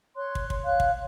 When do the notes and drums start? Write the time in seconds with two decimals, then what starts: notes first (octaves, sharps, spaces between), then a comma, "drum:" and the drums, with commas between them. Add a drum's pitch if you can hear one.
0.16 C#5 C6 F#6
0.35 drum: kick
0.50 drum: kick
0.65 C#5 F5 F#6
0.80 drum: kick